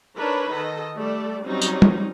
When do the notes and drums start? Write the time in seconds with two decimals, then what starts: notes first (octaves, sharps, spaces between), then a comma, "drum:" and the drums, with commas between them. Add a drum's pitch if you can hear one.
0.18 D4 D#4 A#4 B4 C#5
0.53 D#3 A4 D#5
0.98 G3 A3 A4 D5
1.46 F#3 G3 C4 C#4 D#4
1.62 drum: tambourine
1.82 drum: tom